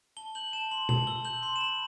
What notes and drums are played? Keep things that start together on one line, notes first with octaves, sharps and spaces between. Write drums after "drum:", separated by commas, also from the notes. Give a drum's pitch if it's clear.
A5 G7
G6 F#7
A5 E7
C6 F#7
A5 F#7, drum: tom B2
E6 G7
G6 F#7
C6 F#7
E7
B5 F#7